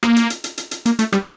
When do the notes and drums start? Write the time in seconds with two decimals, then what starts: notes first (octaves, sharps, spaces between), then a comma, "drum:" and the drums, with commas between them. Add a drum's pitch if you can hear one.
0.03 A#3, drum: rim click
0.16 drum: hi-hat
0.30 drum: hi-hat
0.44 drum: hi-hat
0.58 drum: hi-hat
0.71 drum: hi-hat
0.86 A#3, drum: hi-hat
0.99 A3, drum: hi-hat
1.13 G3, drum: rim click